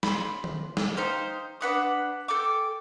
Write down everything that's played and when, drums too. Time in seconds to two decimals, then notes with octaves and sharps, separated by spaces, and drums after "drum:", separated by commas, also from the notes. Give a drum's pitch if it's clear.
0.03 B5 C6, drum: snare
0.44 drum: tom D#3
0.77 drum: snare
0.97 D#4 G4 C5 F5
1.61 D4 B4 F#5 D#6
2.28 A4 G5 G#5 D6